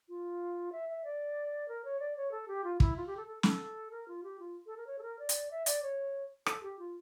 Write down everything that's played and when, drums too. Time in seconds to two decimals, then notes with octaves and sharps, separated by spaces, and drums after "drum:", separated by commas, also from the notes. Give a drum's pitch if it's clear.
0.09 F4
0.72 E5
0.89 E5
1.04 D5
1.68 A#4
1.84 C#5
2.00 D5
2.17 C#5
2.31 A4
2.48 G4
2.64 F4
2.80 E4, drum: kick
2.96 F4
3.07 G4
3.17 A4
3.27 A4
3.43 A4, drum: snare
3.91 A#4
4.08 F4
4.23 G4
4.40 F4
4.66 A4
4.77 A#4
4.87 C#5
4.99 A4
5.02 A#4
5.19 D5
5.29 drum: hi-hat
5.51 E5
5.66 D5, drum: hi-hat
5.82 C#5
6.46 A4, drum: rim click
6.63 G4
6.79 F4